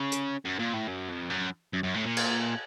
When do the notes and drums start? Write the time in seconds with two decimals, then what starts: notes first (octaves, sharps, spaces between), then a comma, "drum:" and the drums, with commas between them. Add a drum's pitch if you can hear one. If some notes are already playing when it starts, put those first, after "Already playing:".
Already playing: C#3
0.12 drum: hi-hat
0.45 F#2
0.59 A#2
0.74 A2
0.87 F#2
1.09 F2
1.30 F#2
1.73 F#2
1.83 F#2
1.94 A2
2.05 A#2
2.17 drum: cymbal